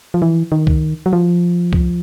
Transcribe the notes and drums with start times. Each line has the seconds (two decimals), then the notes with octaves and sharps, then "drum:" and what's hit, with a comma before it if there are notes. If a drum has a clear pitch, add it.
0.14 F3
0.22 E3
0.52 D#3
0.67 drum: kick C2
1.06 F#3
1.13 F3
1.73 drum: kick C2